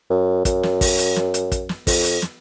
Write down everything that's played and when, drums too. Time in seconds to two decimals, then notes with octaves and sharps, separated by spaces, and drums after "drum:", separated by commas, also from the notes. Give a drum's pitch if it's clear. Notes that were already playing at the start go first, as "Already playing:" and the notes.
0.10 F#2
0.45 F#2, drum: kick, hi-hat
0.63 drum: snare
0.81 drum: kick, open hi-hat
0.99 drum: hi-hat
1.16 drum: snare
1.34 drum: hi-hat
1.52 drum: kick, hi-hat
1.69 drum: snare
1.87 F2, drum: kick, open hi-hat
2.04 drum: hi-hat
2.22 drum: snare